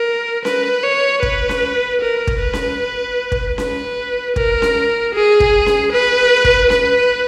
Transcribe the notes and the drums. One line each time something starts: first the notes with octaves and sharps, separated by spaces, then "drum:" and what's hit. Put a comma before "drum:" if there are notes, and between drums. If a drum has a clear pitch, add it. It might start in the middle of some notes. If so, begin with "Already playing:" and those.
Already playing: A#4
B4, drum: snare C#4
C#5
B4, drum: kick
drum: snare C#4
A#4
drum: kick
B4
drum: snare C#4
drum: kick
B4, drum: snare C#4
A#4, drum: kick
drum: snare C#4
G#4
drum: kick
drum: snare C#4
B4
drum: kick
B4, drum: snare C#4